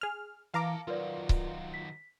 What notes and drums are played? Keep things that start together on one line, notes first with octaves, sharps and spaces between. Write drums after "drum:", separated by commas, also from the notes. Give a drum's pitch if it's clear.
G#4 F6
E3 A#4 F5 A5 A#5 D6
D#3 F#3 F4 A#4 B4 D5
drum: kick C#1
B6